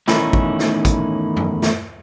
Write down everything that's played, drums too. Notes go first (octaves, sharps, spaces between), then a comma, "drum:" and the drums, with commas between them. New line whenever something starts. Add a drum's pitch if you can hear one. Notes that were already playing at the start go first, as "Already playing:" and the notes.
E2 A2 D#3 C#4 D#4 E4, drum: snare
drum: kick
drum: snare
drum: kick, hi-hat
drum: tom F#2
drum: snare